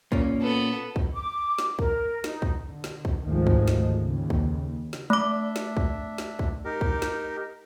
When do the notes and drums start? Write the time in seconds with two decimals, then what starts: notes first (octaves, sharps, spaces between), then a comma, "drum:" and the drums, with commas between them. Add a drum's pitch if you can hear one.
0.12 A#2 A#3 C#4, drum: kick
0.42 B3 A4
0.96 drum: kick
1.14 D6
1.59 drum: snare
1.79 A#4, drum: kick
2.24 D#4, drum: snare
2.42 drum: kick
2.68 D3
2.84 drum: snare
3.05 drum: kick
3.26 G#1 D2 D#3 F3 G#3 A3
3.47 drum: kick
3.68 drum: snare
4.04 D#2 C#3
4.30 drum: kick
4.93 drum: snare
5.10 A3 D4 E5 D6
5.56 drum: snare
5.77 drum: kick
6.18 drum: snare
6.39 drum: kick
6.65 D#4 G4 A#4
6.81 drum: kick
7.02 drum: snare